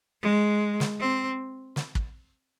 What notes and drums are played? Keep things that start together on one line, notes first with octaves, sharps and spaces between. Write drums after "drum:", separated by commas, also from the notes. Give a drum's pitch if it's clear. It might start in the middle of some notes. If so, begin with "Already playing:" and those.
G#3
drum: snare
C4
drum: snare
drum: kick